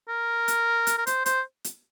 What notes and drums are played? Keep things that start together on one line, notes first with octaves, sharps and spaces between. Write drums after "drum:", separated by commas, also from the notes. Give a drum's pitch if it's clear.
A#4
drum: hi-hat
drum: hi-hat
A#4
C5, drum: hi-hat
C5, drum: hi-hat
drum: hi-hat